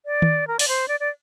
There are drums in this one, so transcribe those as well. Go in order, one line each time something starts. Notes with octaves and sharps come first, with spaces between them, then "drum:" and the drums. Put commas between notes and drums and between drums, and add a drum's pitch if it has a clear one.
D5
drum: tom D#3
A#4
D5, drum: open hi-hat
C5
D5
D5